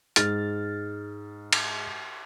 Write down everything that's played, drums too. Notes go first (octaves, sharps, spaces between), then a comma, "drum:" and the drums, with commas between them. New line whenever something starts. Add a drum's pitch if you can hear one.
G#2 F6 A6, drum: hi-hat
drum: cymbal